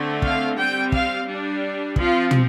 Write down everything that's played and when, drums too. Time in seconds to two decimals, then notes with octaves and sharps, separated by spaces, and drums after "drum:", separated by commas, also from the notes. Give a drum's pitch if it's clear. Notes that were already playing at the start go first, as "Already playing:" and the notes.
Already playing: D3 A3 C4
0.22 F5, drum: kick
0.57 G3 C4 G5
0.92 F5, drum: kick
1.27 G3 D4
1.96 F3 C4 F4, drum: kick
2.31 drum: tom